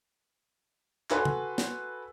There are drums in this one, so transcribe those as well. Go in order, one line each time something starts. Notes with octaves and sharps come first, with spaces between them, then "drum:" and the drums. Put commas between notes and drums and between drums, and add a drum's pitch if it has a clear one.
F#4 A4 B4 G#5 C6, drum: clap
drum: tom C#3
drum: snare